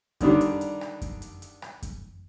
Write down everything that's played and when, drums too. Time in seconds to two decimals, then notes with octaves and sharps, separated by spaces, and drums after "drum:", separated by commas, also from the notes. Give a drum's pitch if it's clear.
0.21 D3 D#3 G3 D4, drum: kick F#2, hi-hat
0.41 drum: hi-hat
0.61 drum: hi-hat
0.81 drum: rim click
1.02 drum: kick F#2, hi-hat
1.22 drum: hi-hat
1.42 drum: hi-hat
1.62 drum: rim click
1.82 drum: kick F#2, hi-hat